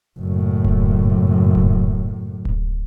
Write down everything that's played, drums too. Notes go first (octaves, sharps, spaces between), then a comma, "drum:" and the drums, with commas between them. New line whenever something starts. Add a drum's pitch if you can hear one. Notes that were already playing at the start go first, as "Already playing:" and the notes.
F#1 A2
drum: kick D1
drum: kick D1
drum: kick D1